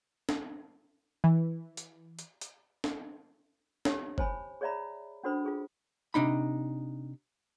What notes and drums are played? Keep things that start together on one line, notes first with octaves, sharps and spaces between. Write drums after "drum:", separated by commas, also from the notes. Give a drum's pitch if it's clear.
drum: snare
E3
drum: hi-hat
drum: hi-hat
drum: hi-hat
drum: snare
G4 C#5, drum: snare
C5 C#5 G#5 A5 B5, drum: kick F#1
G#4 C#5 D5 E5 A#5 B5
C#4 D4 F#4 A4 C5 B5
F4 G#4 A4
C3 D4 D#4 B5